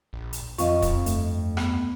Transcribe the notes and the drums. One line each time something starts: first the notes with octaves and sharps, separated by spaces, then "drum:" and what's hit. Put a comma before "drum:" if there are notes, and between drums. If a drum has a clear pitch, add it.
A#1
drum: hi-hat
F2 F3 C4 F4 D#5 F5 C#6, drum: hi-hat
drum: kick, hi-hat
D2 G2 A3, drum: hi-hat
B3, drum: rim click